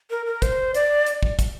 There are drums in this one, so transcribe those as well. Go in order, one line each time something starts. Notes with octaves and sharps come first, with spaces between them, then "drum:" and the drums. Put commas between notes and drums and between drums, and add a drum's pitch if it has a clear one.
A#4
A#4
C5, drum: kick, hi-hat
D5, drum: hi-hat
drum: hi-hat
drum: kick
drum: kick, hi-hat